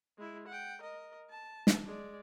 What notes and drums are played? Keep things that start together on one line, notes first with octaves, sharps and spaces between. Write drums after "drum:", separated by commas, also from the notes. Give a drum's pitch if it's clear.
G#3 E4
F#5 G5
A#4 D#5
A5
drum: snare
G#3 D5